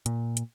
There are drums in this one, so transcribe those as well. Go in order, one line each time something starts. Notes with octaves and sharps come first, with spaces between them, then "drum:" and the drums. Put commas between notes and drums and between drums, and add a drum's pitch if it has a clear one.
A#2, drum: hi-hat
drum: hi-hat